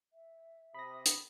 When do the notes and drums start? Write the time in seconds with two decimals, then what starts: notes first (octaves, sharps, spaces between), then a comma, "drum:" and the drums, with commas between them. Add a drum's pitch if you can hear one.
0.13 E5
0.75 C3 B5 D#6 A#6
1.06 drum: hi-hat